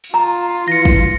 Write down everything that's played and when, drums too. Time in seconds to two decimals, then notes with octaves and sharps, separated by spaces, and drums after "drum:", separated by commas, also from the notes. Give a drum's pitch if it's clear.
0.04 drum: open hi-hat
0.14 F4 A#5
0.68 E3 A#6 C#7
0.85 drum: kick